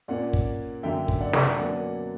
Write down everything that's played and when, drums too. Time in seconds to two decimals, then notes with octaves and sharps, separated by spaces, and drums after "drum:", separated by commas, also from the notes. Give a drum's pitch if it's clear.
0.08 A#2 A#3 C#4 D5 F#5
0.33 drum: kick
0.83 F#2 D3 A#3 C#4 E5 G5
1.08 drum: kick
1.21 D5 F#5
1.33 drum: snare
1.58 B2 F#3 A#3 C#4 D5 F#5